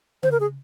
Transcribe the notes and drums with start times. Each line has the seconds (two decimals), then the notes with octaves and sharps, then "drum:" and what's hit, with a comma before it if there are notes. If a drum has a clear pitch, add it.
0.23 C5, drum: tom C#3
0.31 A#4
0.40 G#4